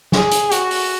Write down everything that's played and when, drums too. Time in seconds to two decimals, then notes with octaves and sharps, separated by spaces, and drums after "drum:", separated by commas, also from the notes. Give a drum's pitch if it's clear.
0.12 G#4, drum: snare
0.31 drum: hi-hat
0.51 F#4, drum: hi-hat
0.71 drum: open hi-hat